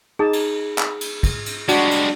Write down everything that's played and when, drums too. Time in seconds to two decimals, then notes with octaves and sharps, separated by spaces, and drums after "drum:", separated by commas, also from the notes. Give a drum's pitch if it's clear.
0.19 D#4 G#4 A5 D#6
0.33 drum: cymbal
0.78 drum: clap
1.01 drum: cymbal
1.23 drum: kick, cymbal
1.46 drum: cymbal
1.68 G3 G#3 D4 F#4, drum: cymbal
1.91 drum: cymbal